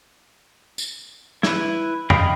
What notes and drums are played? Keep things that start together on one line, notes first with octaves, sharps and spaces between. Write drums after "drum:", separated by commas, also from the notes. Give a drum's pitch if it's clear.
drum: tambourine
E4 B4, drum: snare
D#5 F5 G5 B5 D#6, drum: tom E2